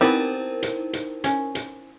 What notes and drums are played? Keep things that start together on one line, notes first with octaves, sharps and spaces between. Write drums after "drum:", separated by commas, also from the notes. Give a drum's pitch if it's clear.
B3 C4 D#4 E4 G4 A#4
drum: hi-hat
drum: hi-hat
C#4, drum: hi-hat
drum: hi-hat